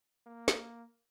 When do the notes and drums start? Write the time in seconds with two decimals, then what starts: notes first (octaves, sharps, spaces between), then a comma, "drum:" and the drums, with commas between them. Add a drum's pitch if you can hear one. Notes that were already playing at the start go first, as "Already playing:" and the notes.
0.27 A#3
0.48 drum: snare